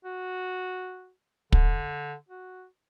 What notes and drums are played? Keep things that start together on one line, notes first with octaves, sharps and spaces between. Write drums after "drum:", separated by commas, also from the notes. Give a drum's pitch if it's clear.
F#4
D3, drum: kick
F#4